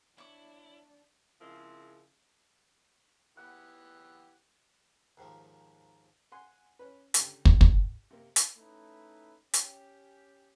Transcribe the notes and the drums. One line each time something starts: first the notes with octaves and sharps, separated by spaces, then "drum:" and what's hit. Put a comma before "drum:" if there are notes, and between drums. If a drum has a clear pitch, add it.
D4 E4 C#5 D6
C#3 F3 G#3 C4 E4 A#4
E3 B3 G4 F#5
D#2 G#2 D#3 F3
F#5 G#5 C6
C#4 B4
C#2 D3 G4 A#5, drum: hi-hat
drum: kick
drum: kick
C3 A#3
drum: hi-hat
A3 C#4 D#4 E4 B4
C#4 G4, drum: hi-hat